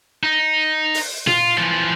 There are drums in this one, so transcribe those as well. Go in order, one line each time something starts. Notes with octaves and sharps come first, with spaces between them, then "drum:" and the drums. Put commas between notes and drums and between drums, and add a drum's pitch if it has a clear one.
D#4
drum: open hi-hat
F4, drum: tom A#2
E3 F3